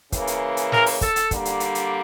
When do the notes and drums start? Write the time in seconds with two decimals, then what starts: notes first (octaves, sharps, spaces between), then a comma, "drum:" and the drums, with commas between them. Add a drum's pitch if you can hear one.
0.12 C#3 E3 A#3, drum: kick, hi-hat
0.27 drum: hi-hat
0.57 drum: hi-hat
0.72 A#4, drum: snare
0.86 drum: open hi-hat
1.01 A4, drum: kick, hi-hat
1.16 drum: hi-hat
1.31 D3 G3 A#3, drum: kick, hi-hat
1.45 drum: hi-hat
1.60 drum: hi-hat
1.75 drum: hi-hat